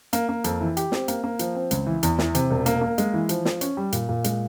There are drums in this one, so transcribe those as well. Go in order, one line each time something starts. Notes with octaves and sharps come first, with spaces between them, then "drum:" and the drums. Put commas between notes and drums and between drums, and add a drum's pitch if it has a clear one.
A#3, drum: hi-hat
A#3
F2, drum: hi-hat
E3
G4, drum: hi-hat
C4, drum: snare
A#3, drum: hi-hat
A#3
F3, drum: hi-hat
C4
C#2, drum: hi-hat
E3
E2, drum: hi-hat
E3, drum: snare
C3, drum: hi-hat
E1
A#3, drum: hi-hat
A#3
G#3, drum: hi-hat
E3
F3, drum: hi-hat
F3, drum: snare
C#4, drum: hi-hat
G3
A#2, drum: hi-hat
A#2
G#3, drum: hi-hat